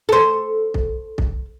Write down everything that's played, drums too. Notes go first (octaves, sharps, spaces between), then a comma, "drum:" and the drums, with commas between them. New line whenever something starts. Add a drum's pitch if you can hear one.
A4 C5
drum: kick
drum: kick